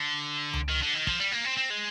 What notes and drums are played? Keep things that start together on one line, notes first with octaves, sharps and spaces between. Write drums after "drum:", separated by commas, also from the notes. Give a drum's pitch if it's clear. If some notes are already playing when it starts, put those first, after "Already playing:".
Already playing: D3
drum: tom C#2
D#3
D3
D#3
F3, drum: kick
G3
A#3
C4
C4
G#3